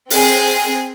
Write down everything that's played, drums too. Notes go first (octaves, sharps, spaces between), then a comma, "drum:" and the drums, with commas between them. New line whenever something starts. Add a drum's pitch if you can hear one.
C4 G#4, drum: open hi-hat